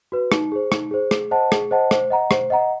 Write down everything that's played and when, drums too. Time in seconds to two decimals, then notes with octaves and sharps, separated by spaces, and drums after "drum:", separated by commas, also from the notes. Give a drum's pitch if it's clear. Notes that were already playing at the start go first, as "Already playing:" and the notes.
0.12 F#4 B4
0.32 D#4, drum: rim click
0.52 G#4 C5
0.72 D#4, drum: rim click
0.91 G#4 C5
1.11 G#4, drum: rim click
1.31 C5 D#5 F#5 A5
1.52 G#4, drum: rim click
1.71 C5 D#5 F#5 A5
1.91 C5, drum: rim click
2.10 D#5 F#5 A#5
2.31 C5, drum: rim click
2.50 D#5 F#5 A#5